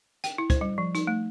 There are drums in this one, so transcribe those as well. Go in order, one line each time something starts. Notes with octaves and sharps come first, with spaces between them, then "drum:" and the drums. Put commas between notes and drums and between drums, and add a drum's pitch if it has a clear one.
G5, drum: hi-hat
E4
C5, drum: kick C#2, hi-hat
G3
F3
D#4, drum: hi-hat
A3